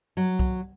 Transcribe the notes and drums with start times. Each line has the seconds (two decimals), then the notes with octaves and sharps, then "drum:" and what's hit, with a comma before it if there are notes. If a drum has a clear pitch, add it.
0.17 F#3
0.39 drum: kick C2